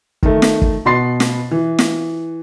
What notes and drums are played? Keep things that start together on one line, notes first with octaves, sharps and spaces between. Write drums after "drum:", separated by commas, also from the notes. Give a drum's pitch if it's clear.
D#3 A3, drum: kick
drum: snare
drum: kick
B2 F#4 B5 C6 A6 C7
drum: snare
E3
drum: snare